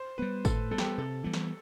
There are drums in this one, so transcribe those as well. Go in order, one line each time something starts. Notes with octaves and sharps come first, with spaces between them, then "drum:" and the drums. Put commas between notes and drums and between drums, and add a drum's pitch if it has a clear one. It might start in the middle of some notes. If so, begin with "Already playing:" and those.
Already playing: C5
G3 B3 B4
A2 A4, drum: kick G#1, tambourine
G3 B3 A4
G4, drum: snare
A4
C3 A4
E3 G3 B3
drum: snare